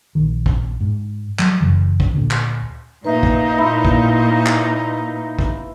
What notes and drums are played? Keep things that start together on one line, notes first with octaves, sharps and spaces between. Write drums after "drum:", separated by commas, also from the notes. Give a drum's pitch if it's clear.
A#1 D#3
drum: kick
G#2
F#3, drum: clap
F#1 D#2 C#3 E3
drum: kick
D2 A#2 D3
drum: clap
A#2 D#4 B4 E5 F5
drum: kick
E4 F4
drum: kick
drum: clap
drum: kick